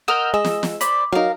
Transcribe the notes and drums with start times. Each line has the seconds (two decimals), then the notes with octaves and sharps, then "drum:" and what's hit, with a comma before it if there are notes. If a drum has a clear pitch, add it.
0.08 A#4 D#5 F#5 E6 F6 G6
0.34 G#3 D#5 E6
0.44 drum: snare
0.63 drum: snare
0.81 C5 D5 B5, drum: hi-hat
1.12 F#3 D#4 A#4 F5